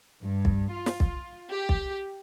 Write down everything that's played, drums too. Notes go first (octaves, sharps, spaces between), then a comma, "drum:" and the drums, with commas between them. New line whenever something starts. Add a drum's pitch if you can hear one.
G2
drum: kick
F4
drum: snare
drum: kick
G4
drum: kick